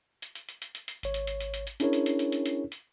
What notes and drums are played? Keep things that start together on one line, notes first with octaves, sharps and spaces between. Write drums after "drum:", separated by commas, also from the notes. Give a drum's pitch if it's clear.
drum: hi-hat
drum: hi-hat
drum: hi-hat
drum: hi-hat
drum: hi-hat
drum: hi-hat
G#1 C#5, drum: hi-hat
drum: hi-hat
drum: hi-hat
drum: hi-hat
drum: hi-hat
drum: hi-hat
C#4 D4 E4 G#4 A#4 C#5, drum: hi-hat
drum: hi-hat
drum: hi-hat
drum: hi-hat
drum: hi-hat
drum: hi-hat
drum: hi-hat